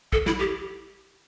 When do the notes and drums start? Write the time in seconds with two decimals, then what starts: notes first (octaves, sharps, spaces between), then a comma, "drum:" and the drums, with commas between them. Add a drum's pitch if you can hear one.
0.13 A4, drum: kick
0.26 E4, drum: snare
0.39 G4